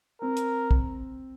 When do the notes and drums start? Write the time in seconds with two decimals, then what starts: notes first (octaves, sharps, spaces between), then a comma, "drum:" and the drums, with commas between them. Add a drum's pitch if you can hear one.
0.22 C4 A#4
0.37 drum: hi-hat
0.71 drum: kick